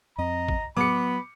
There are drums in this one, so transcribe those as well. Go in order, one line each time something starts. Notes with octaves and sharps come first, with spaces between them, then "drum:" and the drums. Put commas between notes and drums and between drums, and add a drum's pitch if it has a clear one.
F2 C4 D#5 A#5
drum: kick
F#3 B3 B5 D6 C#7, drum: tom A2